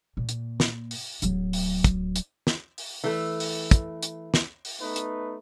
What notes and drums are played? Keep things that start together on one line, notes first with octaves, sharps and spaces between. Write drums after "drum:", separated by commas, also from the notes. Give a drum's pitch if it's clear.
A#2
drum: hi-hat
drum: snare
drum: open hi-hat
D1 F#3, drum: hi-hat
drum: open hi-hat
drum: kick, hi-hat
drum: hi-hat
drum: snare
drum: open hi-hat
E3 A3
drum: open hi-hat
drum: kick, hi-hat
drum: hi-hat
drum: snare
drum: open hi-hat
A3 B3 D#4 B4
drum: hi-hat